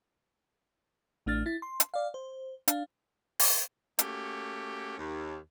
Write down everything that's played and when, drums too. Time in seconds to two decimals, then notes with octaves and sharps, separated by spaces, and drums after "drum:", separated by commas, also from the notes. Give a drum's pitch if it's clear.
1.26 A1 A3 D4 F6 A6
1.46 E4 A6
1.62 C6
1.80 drum: hi-hat
1.94 D5 F5
2.14 C5
2.68 D4 F5, drum: hi-hat
3.40 drum: open hi-hat
3.99 A3 A#3 C#4 F#4 G4, drum: hi-hat
4.98 D#2